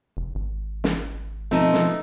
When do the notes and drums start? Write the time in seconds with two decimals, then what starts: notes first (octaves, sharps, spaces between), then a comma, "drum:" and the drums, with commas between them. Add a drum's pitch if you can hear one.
0.17 F1
0.35 G#1
0.84 drum: snare
1.51 B2 F3 A3 C4 D#4
1.73 drum: snare